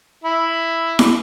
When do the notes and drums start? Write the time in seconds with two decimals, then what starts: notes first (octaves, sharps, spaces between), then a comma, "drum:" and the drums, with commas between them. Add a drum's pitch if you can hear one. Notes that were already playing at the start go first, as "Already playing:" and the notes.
0.24 E4
0.99 drum: snare E4